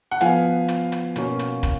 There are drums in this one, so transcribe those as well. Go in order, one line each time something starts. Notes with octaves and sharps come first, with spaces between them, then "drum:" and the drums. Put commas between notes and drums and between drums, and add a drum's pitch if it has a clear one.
F#5
F3 B3 F5 G#5, drum: hi-hat
drum: hi-hat
drum: hi-hat
B2 A#3 C#4, drum: hi-hat
drum: hi-hat
drum: kick, hi-hat